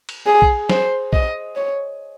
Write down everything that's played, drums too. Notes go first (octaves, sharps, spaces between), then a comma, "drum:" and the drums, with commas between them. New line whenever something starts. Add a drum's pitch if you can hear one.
drum: cymbal
G#4
drum: kick A#1
C5, drum: snare
D#5, drum: kick A#1
C#5